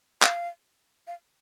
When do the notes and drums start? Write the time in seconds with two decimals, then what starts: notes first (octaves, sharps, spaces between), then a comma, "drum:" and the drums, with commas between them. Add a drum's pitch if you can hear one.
0.22 F5, drum: clap
1.07 F5